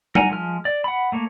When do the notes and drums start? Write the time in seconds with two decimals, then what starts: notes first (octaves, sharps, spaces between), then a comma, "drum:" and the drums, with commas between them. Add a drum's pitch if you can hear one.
0.15 A#4 F#5 G#5 A#5, drum: tom G3
0.29 F3 G#3 F6
0.65 D5
0.84 F#5 B5
1.12 A3 A#3 C#5